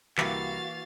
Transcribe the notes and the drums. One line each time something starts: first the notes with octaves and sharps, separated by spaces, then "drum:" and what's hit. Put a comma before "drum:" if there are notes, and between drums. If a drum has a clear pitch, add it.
C2 E3 A#3 E4 F#4 G4 F5 A6, drum: clap